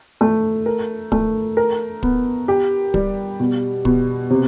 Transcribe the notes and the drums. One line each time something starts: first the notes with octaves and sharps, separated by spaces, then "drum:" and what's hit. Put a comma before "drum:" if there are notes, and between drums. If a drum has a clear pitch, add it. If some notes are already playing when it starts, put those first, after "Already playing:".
A3
A#4
A3, drum: kick
A#4
B3, drum: kick
G4
G3, drum: kick
B2
B2, drum: kick
C3